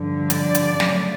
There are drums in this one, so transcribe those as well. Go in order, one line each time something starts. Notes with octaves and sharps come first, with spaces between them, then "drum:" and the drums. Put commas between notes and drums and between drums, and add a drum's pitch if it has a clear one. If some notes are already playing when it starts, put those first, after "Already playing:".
Already playing: G2 D3 F3
D5, drum: hi-hat
drum: hi-hat
F#2 C#3 F#3 A3, drum: snare